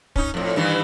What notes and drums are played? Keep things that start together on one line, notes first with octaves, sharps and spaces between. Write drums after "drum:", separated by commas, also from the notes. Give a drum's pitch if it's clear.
C#4 D#4, drum: kick
F2 A2
G2 D#3 E3